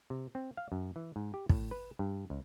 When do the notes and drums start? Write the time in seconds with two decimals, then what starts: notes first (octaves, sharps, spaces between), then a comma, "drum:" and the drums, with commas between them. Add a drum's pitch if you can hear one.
0.10 C3
0.35 C4
0.57 F5
0.72 F#2
0.96 E3
1.16 G#2
1.34 G4
1.49 A2, drum: kick
1.71 B4
1.99 G2
2.30 C#2